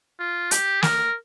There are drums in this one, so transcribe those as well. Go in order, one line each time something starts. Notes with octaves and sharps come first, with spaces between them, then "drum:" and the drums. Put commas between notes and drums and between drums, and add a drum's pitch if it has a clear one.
F4
G4, drum: hi-hat
A#4, drum: snare